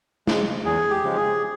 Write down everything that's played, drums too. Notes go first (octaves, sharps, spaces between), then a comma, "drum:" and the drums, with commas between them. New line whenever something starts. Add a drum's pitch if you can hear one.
C#3 F3 G#3, drum: snare
E2 G#4
G4
C#3 F3 G#3
G#4